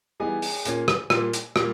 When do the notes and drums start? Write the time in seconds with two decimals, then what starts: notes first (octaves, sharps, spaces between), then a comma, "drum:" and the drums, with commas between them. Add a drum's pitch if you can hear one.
0.20 E3 G3 B3 D#4 G#4 G#5
0.42 drum: open hi-hat
0.65 A#2 A#3 C#4, drum: hi-hat
0.88 drum: rim click
1.10 A#2 G3 A#3, drum: rim click
1.33 drum: hi-hat
1.56 A#2 G3 A#3, drum: rim click